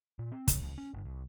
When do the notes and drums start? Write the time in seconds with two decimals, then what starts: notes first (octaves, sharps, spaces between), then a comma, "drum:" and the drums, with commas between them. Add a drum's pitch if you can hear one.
0.19 A#2
0.32 C4
0.48 C#3, drum: kick, hi-hat
0.62 C#2
0.78 C#4
0.94 G1
1.05 C2